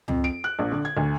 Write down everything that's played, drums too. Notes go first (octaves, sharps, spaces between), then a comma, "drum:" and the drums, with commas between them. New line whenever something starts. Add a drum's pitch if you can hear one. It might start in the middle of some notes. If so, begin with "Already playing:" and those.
F2, drum: tom C#2
D7
F#6
A#1
D3
G#6
D2